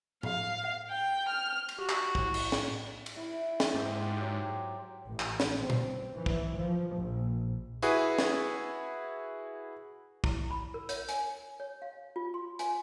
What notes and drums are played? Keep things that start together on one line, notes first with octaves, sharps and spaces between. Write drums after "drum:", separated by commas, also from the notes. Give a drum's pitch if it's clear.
F5, drum: tom A2
G5
F6
drum: cymbal
F#4 G4
drum: clap
A2, drum: kick
drum: cymbal
drum: snare
drum: cymbal
E4
drum: snare
G#2 G4 C5 E5
F#3 G4
A1
drum: clap
drum: snare
C4
drum: tom A#2
E3
drum: kick
F3
A#1
E4 F#4 G#4 B4, drum: hi-hat
drum: snare
E4, drum: kick
B5
A#4
C#5, drum: hi-hat
G#5, drum: hi-hat
C#5
F5
F4
C6
G#5, drum: hi-hat